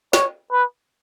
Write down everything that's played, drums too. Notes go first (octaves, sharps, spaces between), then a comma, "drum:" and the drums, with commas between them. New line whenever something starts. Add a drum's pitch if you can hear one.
C#5, drum: snare
B4